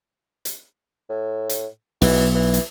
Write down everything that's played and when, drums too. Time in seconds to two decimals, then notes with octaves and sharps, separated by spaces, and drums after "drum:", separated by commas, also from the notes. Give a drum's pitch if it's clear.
0.45 drum: hi-hat
1.09 A2
1.49 drum: hi-hat
2.02 B1 E3, drum: open hi-hat
2.35 E3
2.54 drum: hi-hat